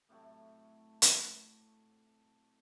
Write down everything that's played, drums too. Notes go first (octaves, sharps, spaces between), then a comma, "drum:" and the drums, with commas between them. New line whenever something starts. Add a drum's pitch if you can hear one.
A2 C3 F#3 A3
drum: hi-hat